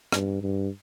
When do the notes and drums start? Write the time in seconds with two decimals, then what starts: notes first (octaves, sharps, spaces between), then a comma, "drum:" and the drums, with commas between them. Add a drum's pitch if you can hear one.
0.12 G2, drum: rim click
0.42 G2